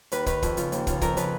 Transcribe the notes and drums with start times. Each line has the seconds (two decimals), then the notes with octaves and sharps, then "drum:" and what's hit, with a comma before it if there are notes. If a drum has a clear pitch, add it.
0.12 D#2 B4, drum: hi-hat
0.26 D#3 B4, drum: kick, hi-hat
0.43 F2, drum: kick, hi-hat
0.57 C#3 F3, drum: hi-hat
0.72 D#2, drum: hi-hat
0.87 C#3 F3, drum: kick, hi-hat
1.01 F2 A#4, drum: kick, hi-hat
1.17 C#3 F3 B4, drum: hi-hat